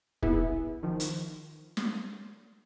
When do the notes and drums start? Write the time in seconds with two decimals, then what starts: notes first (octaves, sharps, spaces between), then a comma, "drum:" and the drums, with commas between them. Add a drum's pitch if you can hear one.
0.23 B3 E4 G#4, drum: kick
0.83 D#3 F3
1.00 drum: hi-hat
1.77 drum: snare